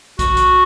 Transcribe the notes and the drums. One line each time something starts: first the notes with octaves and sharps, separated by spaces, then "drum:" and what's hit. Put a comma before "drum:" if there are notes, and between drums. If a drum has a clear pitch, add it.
F#4, drum: kick, hi-hat
drum: hi-hat